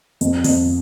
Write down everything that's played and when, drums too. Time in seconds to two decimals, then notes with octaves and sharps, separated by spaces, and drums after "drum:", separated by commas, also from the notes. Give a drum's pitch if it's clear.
0.21 F2, drum: hi-hat
0.44 F2, drum: open hi-hat